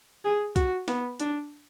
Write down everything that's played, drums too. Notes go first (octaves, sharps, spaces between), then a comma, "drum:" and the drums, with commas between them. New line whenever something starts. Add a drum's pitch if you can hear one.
G#4
F#4, drum: kick C2, hi-hat
B3, drum: snare
D4, drum: hi-hat